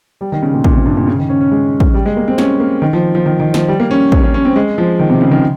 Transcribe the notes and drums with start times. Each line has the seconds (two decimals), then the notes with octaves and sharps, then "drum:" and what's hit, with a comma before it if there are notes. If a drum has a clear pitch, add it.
0.21 G3
0.32 D#3
0.43 C#3
0.54 A#2
0.64 A#2, drum: kick
0.75 C3
0.86 G2
0.97 A#2
1.07 C#3
1.18 D#3
1.29 C#4
1.41 C#4
1.51 G#3
1.80 drum: kick
1.94 G3
2.06 G#3
2.17 A#3
2.28 C4
2.38 C#4, drum: snare
2.60 A#3
2.82 D#3
2.93 F3
3.15 F3
3.26 D#3
3.40 D#3
3.54 F3, drum: snare
3.68 G3
3.80 A#3
3.91 C#4
4.12 C#4, drum: kick
4.23 C#4
4.34 C#4
4.45 C4
4.56 G#3
4.78 F3
4.99 D#3
5.10 C3
5.21 C#3
5.31 D#3